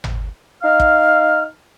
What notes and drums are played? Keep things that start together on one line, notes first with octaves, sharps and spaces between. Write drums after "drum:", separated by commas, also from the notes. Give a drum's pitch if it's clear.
drum: tom G#1
D#4 F5 F6
drum: kick